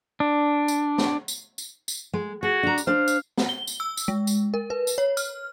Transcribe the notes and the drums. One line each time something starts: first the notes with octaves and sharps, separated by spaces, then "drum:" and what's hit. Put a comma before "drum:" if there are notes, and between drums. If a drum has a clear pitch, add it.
D4
drum: tambourine
drum: snare
drum: tambourine
drum: tambourine
drum: tambourine
G#3
F#4 G#4
D4 A#5
drum: tambourine
D4 C5 F5
drum: tambourine
drum: snare
G7
drum: tambourine
E6
drum: tambourine
G#3
drum: tambourine
A#4
B4
drum: tambourine
C#5
F6, drum: tambourine